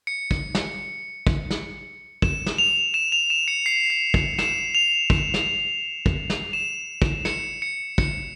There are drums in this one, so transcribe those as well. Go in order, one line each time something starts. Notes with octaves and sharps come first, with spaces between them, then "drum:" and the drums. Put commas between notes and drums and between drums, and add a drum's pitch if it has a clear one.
C#7
drum: kick
drum: snare
drum: kick
drum: snare
E7, drum: kick
drum: snare
F7
E7
F7
E7
C#7
C7
C7
drum: kick
E7, drum: snare
F7
drum: kick
drum: snare
drum: kick
drum: snare
E7
drum: kick
C#7, drum: snare
C#7
C#7, drum: kick